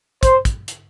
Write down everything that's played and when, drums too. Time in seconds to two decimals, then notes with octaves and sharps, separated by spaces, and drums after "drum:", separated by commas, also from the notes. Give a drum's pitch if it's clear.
0.23 C5, drum: kick, hi-hat
0.45 drum: kick, hi-hat
0.68 drum: hi-hat